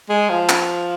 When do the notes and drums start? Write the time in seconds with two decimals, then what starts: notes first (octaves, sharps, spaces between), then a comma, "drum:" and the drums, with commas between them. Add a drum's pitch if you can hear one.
0.09 G#3
0.29 F3
0.49 drum: clap